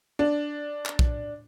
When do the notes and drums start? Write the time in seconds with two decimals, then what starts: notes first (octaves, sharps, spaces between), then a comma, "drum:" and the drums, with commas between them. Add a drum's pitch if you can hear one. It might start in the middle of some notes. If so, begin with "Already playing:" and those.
0.19 D4
0.86 drum: clap
0.99 drum: kick